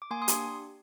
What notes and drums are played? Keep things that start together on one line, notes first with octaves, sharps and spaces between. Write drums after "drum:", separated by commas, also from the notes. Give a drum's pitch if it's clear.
D6
A#3 G#5 C6
C6 D#6
D4 G4, drum: hi-hat